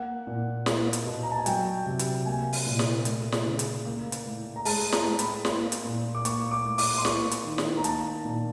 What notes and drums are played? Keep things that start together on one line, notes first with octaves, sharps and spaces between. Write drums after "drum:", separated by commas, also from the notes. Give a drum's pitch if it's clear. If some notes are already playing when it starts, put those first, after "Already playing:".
Already playing: A#3 F#5
A#2
A#3, drum: snare
drum: hi-hat
B2
A#5
A5
G#5
F#3 G5, drum: hi-hat
C3
drum: hi-hat
A#3 G#5
drum: open hi-hat
A#2
drum: snare
A3, drum: hi-hat
drum: snare
C#3
drum: hi-hat
A#3
drum: hi-hat
A2
A#5
G#3 A5, drum: open hi-hat
A#5, drum: snare
A2
B5, drum: hi-hat
A#3 C6, drum: snare
drum: hi-hat
A#2
D6
A#3 C#6, drum: hi-hat
D6
A2
D6, drum: open hi-hat
C6
A#3 C#6, drum: snare
drum: hi-hat
D#3
drum: snare
A#5
A#3 A5, drum: hi-hat
A#2